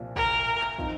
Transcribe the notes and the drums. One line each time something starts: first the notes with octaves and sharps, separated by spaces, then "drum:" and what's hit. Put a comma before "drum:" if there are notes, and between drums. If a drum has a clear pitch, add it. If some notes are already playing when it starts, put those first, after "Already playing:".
Already playing: C2 A#2 F3
A#4, drum: kick
drum: tom A2
drum: clap
F3 C4 D#4, drum: kick